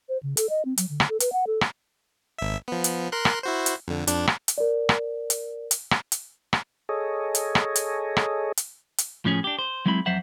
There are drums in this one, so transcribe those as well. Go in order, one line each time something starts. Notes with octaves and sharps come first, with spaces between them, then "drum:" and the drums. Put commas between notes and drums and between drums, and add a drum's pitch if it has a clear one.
C5
C#3
A4, drum: hi-hat
D#5
C4
F#3, drum: hi-hat
D3
drum: rim click
A4
B4, drum: hi-hat
F#5
A4
drum: rim click
G#1 E5
F3 B3
drum: hi-hat
A#4 C6 F#6
drum: rim click
E4 F#4 C5
drum: hi-hat
F2 D3
F2 D4, drum: hi-hat
drum: rim click
drum: hi-hat
A#4 D5
drum: rim click
drum: hi-hat
drum: hi-hat
drum: rim click
drum: hi-hat
drum: rim click
G#4 A4 C#5 D#5
drum: hi-hat
drum: rim click
drum: hi-hat
drum: rim click
drum: hi-hat
drum: hi-hat
A2 F3 C#4 G#4
D4 G4
C5
F#3 G#3 C4 E4 B5
F2 F#3 C5 E5 F#5